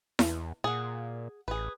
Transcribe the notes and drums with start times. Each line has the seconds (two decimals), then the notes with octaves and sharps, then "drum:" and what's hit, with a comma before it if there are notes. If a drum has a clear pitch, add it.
0.19 E2, drum: snare E4
0.64 A#2 G#4 F#5
1.48 A1 G#4 B4